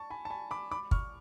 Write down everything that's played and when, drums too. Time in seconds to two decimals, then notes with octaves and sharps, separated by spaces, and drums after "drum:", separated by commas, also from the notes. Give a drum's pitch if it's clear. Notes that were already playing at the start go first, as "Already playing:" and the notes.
Already playing: A5 C#6
0.10 G#5 B5
0.25 A5
0.30 G#5 B5
0.51 B5 D6
0.71 B5 D6
0.91 C#6 F6, drum: kick